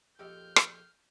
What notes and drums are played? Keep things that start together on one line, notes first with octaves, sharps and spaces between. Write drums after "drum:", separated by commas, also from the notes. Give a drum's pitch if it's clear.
A#1 F2 C4 G4 A4 D#5 F6 G6
drum: rim click